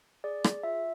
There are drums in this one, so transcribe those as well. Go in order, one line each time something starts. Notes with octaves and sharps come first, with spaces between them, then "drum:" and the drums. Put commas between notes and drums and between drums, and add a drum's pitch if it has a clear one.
G#4 D5
G#4, drum: rim click
F4 E5